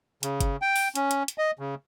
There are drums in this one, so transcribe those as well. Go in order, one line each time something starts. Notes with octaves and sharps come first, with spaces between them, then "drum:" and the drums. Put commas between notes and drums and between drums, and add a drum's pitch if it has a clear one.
C#3, drum: hi-hat
drum: kick G1, hi-hat
G5
drum: open hi-hat
C#4, drum: hi-hat
drum: hi-hat
drum: hi-hat
D#5
C#3